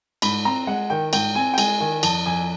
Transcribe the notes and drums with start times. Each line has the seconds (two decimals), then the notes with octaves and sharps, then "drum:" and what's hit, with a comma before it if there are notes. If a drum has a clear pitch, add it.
0.22 G#2 B5, drum: cymbal
0.45 C4 A#5
0.67 G#3 F#5
0.90 D#3 G5
1.13 G#2 G5, drum: cymbal
1.35 C4 G#5
1.54 G5
1.58 G#3 G#5, drum: cymbal
1.80 D#3 G#5
2.03 F2 A5, drum: cymbal
2.26 F2 G#5